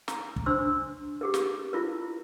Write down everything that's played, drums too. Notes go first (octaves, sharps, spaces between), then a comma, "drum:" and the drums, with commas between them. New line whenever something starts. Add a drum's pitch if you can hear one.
A#5, drum: snare
drum: kick
D4 C5 C6 E6
G4 G#4 A#4
drum: snare
E4 F4 A#4